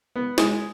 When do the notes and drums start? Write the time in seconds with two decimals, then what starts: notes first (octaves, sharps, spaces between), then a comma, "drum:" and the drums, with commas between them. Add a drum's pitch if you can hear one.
0.16 B3
0.38 G#3, drum: snare